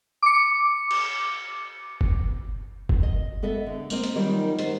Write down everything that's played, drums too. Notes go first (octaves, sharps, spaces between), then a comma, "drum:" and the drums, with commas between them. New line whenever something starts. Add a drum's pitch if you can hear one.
D6 C#7
drum: cymbal
drum: kick
drum: kick
D#5
B3 A4 D#5 E5
D3
A#3 C4 D#5, drum: tambourine
drum: hi-hat
D#3 F#3 G3 A#3 D#4 F4
B3 C5, drum: hi-hat